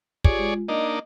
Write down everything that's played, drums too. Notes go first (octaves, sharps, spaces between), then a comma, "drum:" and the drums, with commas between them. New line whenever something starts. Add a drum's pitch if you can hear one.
F4 G4 G#4 C#5 D5, drum: kick
G#3 F4
A#3 D4 D#4 D#5